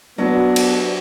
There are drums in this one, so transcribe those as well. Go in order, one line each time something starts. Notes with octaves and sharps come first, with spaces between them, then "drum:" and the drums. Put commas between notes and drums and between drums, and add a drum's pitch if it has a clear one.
F#3 B3 D4
drum: cymbal